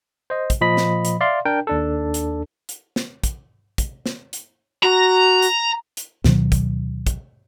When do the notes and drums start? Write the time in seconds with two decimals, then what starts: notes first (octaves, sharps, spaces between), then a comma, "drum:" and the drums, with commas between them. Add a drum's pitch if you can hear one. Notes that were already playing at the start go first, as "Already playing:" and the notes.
0.30 C5 D#5
0.50 drum: kick, hi-hat
0.61 A#2 F3 D#5 B5 B6
0.77 drum: snare
1.05 drum: hi-hat
1.21 D5 E5 F5 C6
1.45 D4 A#4 G5
1.67 D#2 D4 A4
2.14 drum: hi-hat
2.69 drum: hi-hat
2.96 drum: snare
3.24 drum: kick, hi-hat
3.78 drum: kick, hi-hat
4.06 drum: snare
4.33 drum: hi-hat
4.83 F#4 A#5
5.42 drum: hi-hat
5.97 drum: hi-hat
6.24 D2 B2 D#3 F#3, drum: snare
6.52 drum: kick, hi-hat
7.07 drum: kick, hi-hat